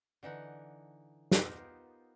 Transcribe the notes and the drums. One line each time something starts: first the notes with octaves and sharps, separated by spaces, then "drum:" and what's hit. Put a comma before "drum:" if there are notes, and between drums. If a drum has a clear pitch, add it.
D3 E3 D#4 F#5
B3 D#4 F4 G4 A#4 C5, drum: snare